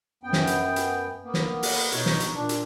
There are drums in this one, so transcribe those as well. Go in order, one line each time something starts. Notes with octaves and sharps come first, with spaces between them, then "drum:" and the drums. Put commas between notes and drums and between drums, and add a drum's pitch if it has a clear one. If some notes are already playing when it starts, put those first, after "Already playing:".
F#2 B3 G5
drum: snare
drum: hi-hat
drum: hi-hat
A#3 B3
drum: snare
drum: open hi-hat
B2 D#4 C#5, drum: hi-hat
drum: snare
drum: hi-hat
A#2 D4
drum: hi-hat